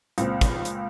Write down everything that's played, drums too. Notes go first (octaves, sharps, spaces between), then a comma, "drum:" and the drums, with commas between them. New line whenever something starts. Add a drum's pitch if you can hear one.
C#2 A#2 C4, drum: hi-hat
drum: kick, hi-hat
drum: hi-hat